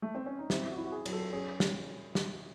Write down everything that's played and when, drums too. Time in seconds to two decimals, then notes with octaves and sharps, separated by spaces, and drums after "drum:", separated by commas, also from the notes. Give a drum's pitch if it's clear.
0.02 A3
0.15 C4
0.26 C#4
0.39 D#4
0.50 C4 E4, drum: snare
0.63 E4
0.70 F#4
0.78 E4
0.84 F#4
0.92 G#4
1.06 F#3, drum: cymbal
1.13 A4
1.32 C#4 G#4
1.60 drum: snare
2.15 drum: snare